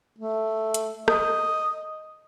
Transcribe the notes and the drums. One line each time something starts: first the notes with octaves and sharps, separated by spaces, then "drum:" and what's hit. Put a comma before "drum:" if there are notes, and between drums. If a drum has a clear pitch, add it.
A3
drum: hi-hat
D#5, drum: rim click